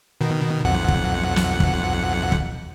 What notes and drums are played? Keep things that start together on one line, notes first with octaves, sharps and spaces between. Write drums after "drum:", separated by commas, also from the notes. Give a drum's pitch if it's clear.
B2 D#3
B1 F2 F#5
drum: kick
drum: snare
drum: kick
drum: kick